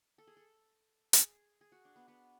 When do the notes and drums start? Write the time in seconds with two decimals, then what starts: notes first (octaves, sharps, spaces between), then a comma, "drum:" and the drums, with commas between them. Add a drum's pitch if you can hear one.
0.18 A4
0.27 G#4
0.37 A4
1.13 G#4, drum: hi-hat
1.61 G#4
1.72 F#4
1.85 D4
1.96 B3
2.08 B3